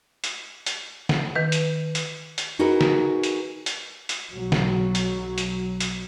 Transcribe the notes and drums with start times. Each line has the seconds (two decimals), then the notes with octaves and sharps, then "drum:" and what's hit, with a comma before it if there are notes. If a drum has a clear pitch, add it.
0.24 drum: hi-hat
0.66 drum: hi-hat
1.09 drum: snare
1.36 D#3 B4
1.52 drum: hi-hat
1.95 drum: hi-hat
2.38 drum: hi-hat
2.59 D#4 F#4 G#4 A#4 B4
2.81 drum: snare
3.23 drum: hi-hat
3.66 drum: hi-hat
4.09 drum: hi-hat
4.31 B1 F#3
4.52 drum: snare
4.95 drum: hi-hat
5.38 drum: hi-hat
5.80 drum: hi-hat